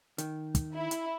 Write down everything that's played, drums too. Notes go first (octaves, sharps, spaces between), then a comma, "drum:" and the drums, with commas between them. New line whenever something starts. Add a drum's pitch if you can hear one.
D#3, drum: hi-hat
drum: kick, hi-hat
E4
drum: hi-hat